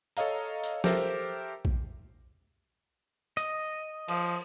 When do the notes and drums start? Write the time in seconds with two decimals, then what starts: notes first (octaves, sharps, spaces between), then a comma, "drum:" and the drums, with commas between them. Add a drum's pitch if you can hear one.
0.17 A4 C#5 D#5 F5 A#5, drum: hi-hat
0.64 drum: hi-hat
0.84 G4 A4 A#4 C5 E5, drum: snare
1.65 drum: kick A#1
3.37 D#5, drum: hi-hat
4.08 F3, drum: cymbal